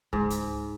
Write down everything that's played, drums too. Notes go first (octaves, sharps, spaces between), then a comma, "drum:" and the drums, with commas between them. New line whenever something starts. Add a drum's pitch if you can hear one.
G#2, drum: kick C#2
drum: hi-hat